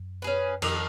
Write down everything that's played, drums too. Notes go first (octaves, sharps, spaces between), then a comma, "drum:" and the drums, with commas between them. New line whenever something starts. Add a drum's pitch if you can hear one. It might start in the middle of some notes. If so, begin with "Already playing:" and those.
Already playing: F#2
C#4 G#4 B4
F2 D#3, drum: cymbal